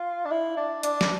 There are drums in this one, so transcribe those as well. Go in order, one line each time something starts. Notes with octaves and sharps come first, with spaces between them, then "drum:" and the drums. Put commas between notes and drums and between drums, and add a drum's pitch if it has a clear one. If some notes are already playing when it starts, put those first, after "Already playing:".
Already playing: F4
D4
E4
D4
D4, drum: hi-hat
drum: snare